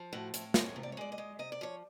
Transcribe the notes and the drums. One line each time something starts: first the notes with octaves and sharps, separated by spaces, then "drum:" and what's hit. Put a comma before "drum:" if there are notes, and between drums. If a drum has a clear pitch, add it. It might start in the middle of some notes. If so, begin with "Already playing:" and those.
Already playing: F3
A2 F#4
A2, drum: hi-hat
G#3 C#5, drum: snare
C3
D5
C#5
G#3 D5
D#5
G#3
C3 D#5
D5
F3 C#5